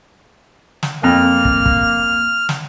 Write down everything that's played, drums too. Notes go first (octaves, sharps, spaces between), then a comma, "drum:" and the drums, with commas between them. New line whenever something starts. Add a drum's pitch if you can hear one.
drum: snare
F2 A#3 F6
drum: kick
drum: kick
drum: snare